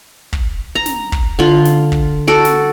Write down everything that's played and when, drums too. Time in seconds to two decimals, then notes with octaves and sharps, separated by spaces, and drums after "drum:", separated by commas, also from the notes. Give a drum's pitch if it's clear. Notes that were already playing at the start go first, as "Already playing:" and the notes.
0.33 drum: kick
0.75 A#5
0.86 drum: snare
1.12 drum: kick
1.39 D3 F4
1.65 drum: snare
1.92 drum: kick
2.27 F#4 A4 D5
2.45 drum: snare